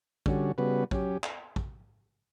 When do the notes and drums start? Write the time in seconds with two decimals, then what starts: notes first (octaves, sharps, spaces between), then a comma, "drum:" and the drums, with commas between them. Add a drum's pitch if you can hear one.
0.26 D3 G3 C#4 F#4, drum: kick
0.58 C#3 G3 B3 F#4 B4
0.91 F#3 C#4 G4, drum: kick
1.24 drum: clap
1.56 drum: kick